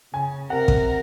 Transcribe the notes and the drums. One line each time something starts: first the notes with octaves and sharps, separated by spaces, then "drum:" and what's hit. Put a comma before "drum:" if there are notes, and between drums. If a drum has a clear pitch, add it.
C#3 G#5
C3 A#4 F#5
drum: kick